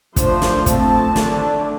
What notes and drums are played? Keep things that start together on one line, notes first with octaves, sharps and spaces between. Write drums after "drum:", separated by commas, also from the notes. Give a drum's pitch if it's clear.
F3 A3 D4 C5, drum: kick, hi-hat
drum: snare
F3 A3 C4 A5, drum: kick, hi-hat
D3 A3 D4, drum: snare